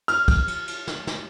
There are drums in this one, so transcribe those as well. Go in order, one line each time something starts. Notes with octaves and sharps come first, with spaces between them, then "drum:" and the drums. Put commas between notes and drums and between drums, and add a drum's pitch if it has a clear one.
F6, drum: cymbal
drum: kick, cymbal
drum: cymbal
drum: cymbal
drum: snare
drum: snare